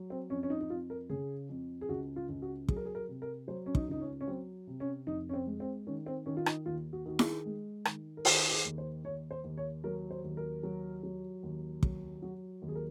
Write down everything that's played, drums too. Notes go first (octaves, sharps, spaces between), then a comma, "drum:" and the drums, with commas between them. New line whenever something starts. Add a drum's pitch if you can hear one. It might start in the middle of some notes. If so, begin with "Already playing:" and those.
Already playing: F#3
C4
F2 C#4
C#4
D#4
D#4
F2 F4
A#4
C#3 G#4
F2
G#4
C#2 F#4
F4
C#2
F#4
F#3 G#4, drum: kick
A#4
G#4
A#4
C3
A#4
F#3 C5
C#4
D#4, drum: kick
C#2 D#4
C#4
C#4
F#3 C4
C3
C#4
F1 D#4
C#4
C4
G#3
C4
D#3 C#4
C4
D#3 C#4
F4
D#4, drum: rim click
D#2 F4
F#4
D#3 F#4
G#4, drum: snare E4
G#3
D#3, drum: rim click
A#4
D#3 G#4, drum: open hi-hat
G#4
D#2
C5
D#2 C#5
C5
D#2
C#5
F#3 A#4
C5
D#2
A#4
F#3
F#3
D#2
F#3, drum: kick
F#3 F#4
D#2
G#4
A#4